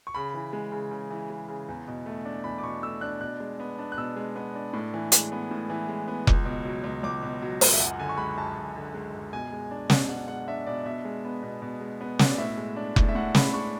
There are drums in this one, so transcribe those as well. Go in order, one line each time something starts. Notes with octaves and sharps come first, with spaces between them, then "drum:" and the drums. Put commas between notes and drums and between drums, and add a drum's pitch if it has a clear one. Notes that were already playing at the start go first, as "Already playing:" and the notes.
C#6
C#3 B5
E3
G#3
C#3
C#3
E3
G#3
C#3
E2
B2
A3
D4
E2 B5
D6
B2 C#6
A3 E6
D4 F#6
B2 F#6
G#3
B3
D4
F#6
B2 E6
G#3
B3
D4
A2
E3
G#3, drum: hi-hat
B3
A2
E3
G#3
B3
C#2, drum: kick F1
B2
F#3
C#2
C#2 D6
B2
F#3
C#2, drum: open hi-hat
E5
F#2 F#5
D3 G#5
C#6
G#3 B5
F#2 A5
F#2
D3
G#3
F#2
B2 G#5
G#3
D4
B2, drum: snare
B2 F#5
G#3 F#5
D4 E5
B2 D5
B2 E5
G#3
B3
B2
B2
G#3
B3
B2, drum: snare
D5
A2 E5
G#3
D4
A2, drum: kick F1
E5
A2 F#5
G#3 B5, drum: snare
D4 C#6